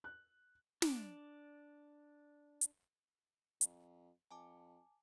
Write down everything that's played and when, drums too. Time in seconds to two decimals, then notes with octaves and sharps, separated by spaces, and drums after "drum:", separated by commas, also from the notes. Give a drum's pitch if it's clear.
0.04 F#6
0.82 D4 D5, drum: snare
2.61 drum: hi-hat
3.61 F2, drum: hi-hat
4.31 F2 G#5 A5 D6